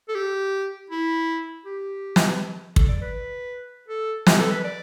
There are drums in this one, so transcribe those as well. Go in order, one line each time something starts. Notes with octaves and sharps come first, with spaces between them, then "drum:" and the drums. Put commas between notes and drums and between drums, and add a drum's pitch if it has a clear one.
A4
G4
E4
G4
drum: snare
A4, drum: kick
D5
B4
A4
G4, drum: snare
A4
B4
D5